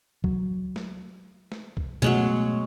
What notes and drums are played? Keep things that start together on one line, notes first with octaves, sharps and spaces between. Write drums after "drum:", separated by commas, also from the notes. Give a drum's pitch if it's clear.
F#3, drum: kick
drum: snare
drum: snare
drum: kick
B2 F#3 G#3 A3 B3 C#4